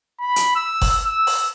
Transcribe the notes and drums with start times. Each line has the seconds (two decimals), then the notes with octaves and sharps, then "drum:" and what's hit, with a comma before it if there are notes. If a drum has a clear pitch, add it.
0.19 B5
0.36 drum: hi-hat
0.55 E6
0.82 drum: kick F#1, open hi-hat
1.04 E6
1.27 drum: open hi-hat